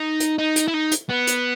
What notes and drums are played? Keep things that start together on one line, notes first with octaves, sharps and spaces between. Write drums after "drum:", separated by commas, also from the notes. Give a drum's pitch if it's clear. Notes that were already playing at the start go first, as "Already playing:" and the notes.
Already playing: D#4
drum: hi-hat
D#4
drum: hi-hat
E4
D#4
drum: hi-hat
B3
drum: hi-hat